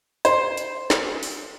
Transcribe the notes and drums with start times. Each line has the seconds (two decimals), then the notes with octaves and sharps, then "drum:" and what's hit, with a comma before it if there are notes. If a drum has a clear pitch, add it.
0.25 C5, drum: hi-hat
0.57 drum: hi-hat
0.90 drum: snare
1.23 drum: open hi-hat